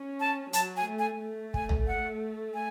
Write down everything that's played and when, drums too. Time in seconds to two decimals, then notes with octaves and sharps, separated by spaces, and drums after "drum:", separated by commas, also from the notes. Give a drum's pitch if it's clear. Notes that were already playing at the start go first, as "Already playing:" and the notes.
Already playing: C#4
0.20 A5
0.53 F#3 A5, drum: hi-hat
0.77 G#5
0.87 A3
0.99 G#5
1.21 A3
1.54 G#5, drum: kick
1.69 drum: tom
1.87 F#5
2.54 G#5